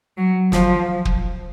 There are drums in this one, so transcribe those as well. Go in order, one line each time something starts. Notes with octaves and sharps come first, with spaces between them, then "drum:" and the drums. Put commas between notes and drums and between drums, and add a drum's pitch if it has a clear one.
F#3
F3, drum: snare
drum: kick